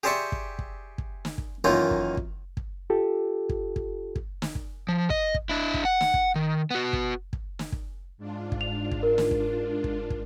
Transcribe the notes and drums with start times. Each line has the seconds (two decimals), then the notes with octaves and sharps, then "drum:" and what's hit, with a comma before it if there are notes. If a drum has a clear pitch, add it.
0.03 G4 G#4 C5 D5 E5 C#6
0.32 drum: kick
0.59 drum: kick
0.98 drum: kick
1.25 drum: snare
1.38 drum: kick
1.64 F#2 D#3 E3 A#3 D#4 F4
1.91 drum: kick
2.17 drum: kick
2.57 drum: kick
2.90 F4 G4 A4
3.49 drum: kick
3.76 drum: kick
4.16 drum: kick
4.42 drum: snare
4.55 drum: kick
4.88 F3
5.10 D#5, drum: kick
5.34 drum: kick
5.49 D4 E4
5.74 drum: kick
5.85 F#5
6.01 drum: snare
6.14 drum: kick
6.36 D#3
6.71 B3 F#4
6.93 drum: kick
7.33 drum: kick
7.59 drum: snare
7.72 drum: kick
8.18 G#2 D4 F4
8.52 drum: kick
8.61 F7
8.91 drum: kick
9.03 A#4
9.18 drum: snare
9.31 drum: kick
9.84 drum: kick
10.10 drum: kick